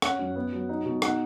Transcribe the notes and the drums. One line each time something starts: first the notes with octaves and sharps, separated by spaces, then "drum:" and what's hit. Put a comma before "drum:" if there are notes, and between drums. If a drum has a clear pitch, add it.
C#4 F#5, drum: rim click
F#2
B3
F#3
D#4
B2
D#4 F#5, drum: rim click